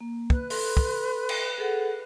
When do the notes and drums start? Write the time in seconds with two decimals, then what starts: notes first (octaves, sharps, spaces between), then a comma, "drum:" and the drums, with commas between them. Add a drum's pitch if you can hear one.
0.01 A#3
0.30 B4 F#6, drum: kick
0.50 A4 C6, drum: open hi-hat
0.77 drum: kick
1.29 drum: cymbal
1.58 G#4 A4 F#5